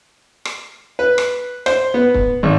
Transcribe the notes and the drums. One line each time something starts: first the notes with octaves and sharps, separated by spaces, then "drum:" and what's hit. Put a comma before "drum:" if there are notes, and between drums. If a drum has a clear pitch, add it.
drum: rim click
B4
drum: rim click
C5, drum: rim click
B3
drum: kick
G#1